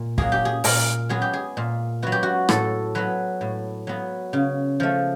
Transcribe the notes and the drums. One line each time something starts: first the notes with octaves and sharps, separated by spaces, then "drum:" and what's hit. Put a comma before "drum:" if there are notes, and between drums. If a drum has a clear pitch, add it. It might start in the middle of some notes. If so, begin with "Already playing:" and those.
Already playing: A#2
F#3 A#3 G#4, drum: kick
G4
G#4
A#2 A#4, drum: open hi-hat
F#3 B3 G#4
G4
G#4
A#2
F#3 B3 F#4
G4
F#4
A2 A4, drum: rim click
F#3 B3 B4
A2
F#3 B3
C#3
F3 A3